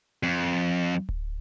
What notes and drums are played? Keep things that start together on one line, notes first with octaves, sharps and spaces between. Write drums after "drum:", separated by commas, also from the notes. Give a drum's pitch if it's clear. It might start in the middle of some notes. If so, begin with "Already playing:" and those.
F2
drum: kick D1